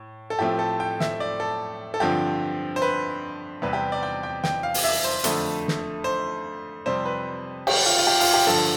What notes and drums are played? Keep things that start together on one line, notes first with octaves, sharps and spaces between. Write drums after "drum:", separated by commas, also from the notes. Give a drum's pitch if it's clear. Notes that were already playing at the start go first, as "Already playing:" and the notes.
Already playing: A2
A4
A2 F3 A3 C4 G4
A4
G5
E5, drum: snare
D5
A4
A4
G2 D3 F3 C4 G4
C5
B4
E2 C3 G3 C4 B4
G4
D5
G5
G5
G5, drum: snare
F5
drum: open hi-hat
E5
C5
F2 D3 A3, drum: hi-hat
drum: snare
C5
F2 C3 G3 C4 C5
B4
G4, drum: cymbal
F4
F4
G4
F4, drum: open hi-hat
G4
G2 D3 F3 A4